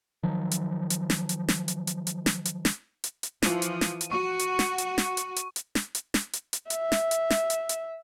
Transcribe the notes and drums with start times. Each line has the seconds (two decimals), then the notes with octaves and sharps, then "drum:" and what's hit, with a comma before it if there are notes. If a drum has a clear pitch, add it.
0.23 D#3 F3 F#3
0.51 drum: hi-hat
0.90 drum: hi-hat
1.10 drum: snare
1.29 drum: hi-hat
1.48 drum: snare
1.68 drum: hi-hat
1.87 drum: hi-hat
2.07 drum: hi-hat
2.26 drum: snare
2.45 drum: hi-hat
2.65 drum: snare
3.04 drum: hi-hat
3.23 drum: hi-hat
3.42 E3 F3 D#7, drum: snare
3.62 drum: hi-hat
3.81 drum: snare
4.01 drum: hi-hat
4.11 F#4 C#6
4.39 drum: hi-hat
4.59 drum: snare
4.78 drum: hi-hat
4.98 drum: snare
5.17 drum: hi-hat
5.36 drum: hi-hat
5.56 drum: hi-hat
5.75 drum: snare
5.95 drum: hi-hat
6.14 drum: snare
6.33 drum: hi-hat
6.53 drum: hi-hat
6.70 E5, drum: hi-hat
6.92 drum: snare
7.11 drum: hi-hat
7.30 drum: snare
7.50 drum: hi-hat
7.69 drum: hi-hat